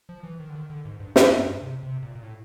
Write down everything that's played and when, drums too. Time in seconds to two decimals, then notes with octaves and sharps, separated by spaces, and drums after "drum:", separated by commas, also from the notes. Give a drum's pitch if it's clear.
0.09 F3
0.23 E3
0.40 D#3
0.50 D3
0.55 D#3
0.70 D3
0.85 G#2
1.00 G2
1.16 G2, drum: snare
1.31 F#2
1.47 G2
1.62 C3
1.83 C3
2.03 A#2
2.15 A#2
2.23 A2